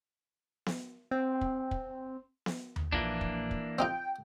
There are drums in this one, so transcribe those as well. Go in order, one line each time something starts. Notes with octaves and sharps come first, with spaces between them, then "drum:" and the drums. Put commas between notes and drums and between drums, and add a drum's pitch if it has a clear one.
drum: snare B3
C4
drum: kick
drum: kick
drum: snare B3
drum: tom D#2
A#1 E3 A#3 D4
drum: kick
drum: kick
C4 D#4 F4 G5